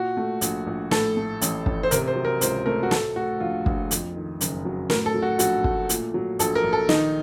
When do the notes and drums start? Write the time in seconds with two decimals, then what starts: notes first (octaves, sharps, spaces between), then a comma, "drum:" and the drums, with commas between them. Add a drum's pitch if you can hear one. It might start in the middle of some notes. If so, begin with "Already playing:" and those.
Already playing: A#2 F#4
0.17 A3
0.41 A#1, drum: hi-hat
0.67 A#1
0.91 A2 A4, drum: snare
1.17 A3
1.41 A1, drum: hi-hat
1.66 A1, drum: kick
1.83 C5
1.91 C3 A#4, drum: hi-hat
2.08 C5
2.15 F#3
2.25 A#4
2.41 C#2 C5, drum: hi-hat
2.66 A3 A#4
2.83 F#4
2.91 A2 A4, drum: snare
3.16 A3 F#4
3.40 A#1 F4
3.66 A#1, drum: kick
3.91 F2, drum: hi-hat
4.15 D#3
4.41 F#1, drum: hi-hat
4.65 F#3
4.90 A2 A#4, drum: snare
5.06 A4
5.14 F#3
5.22 F#4
5.39 A#1 F#4, drum: hi-hat
5.64 A3, drum: kick
5.89 A#2, drum: hi-hat
6.14 F#3
6.39 A#1 A4, drum: hi-hat
6.55 A#4
6.64 A#1
6.73 A4
6.89 D#3 D#4, drum: snare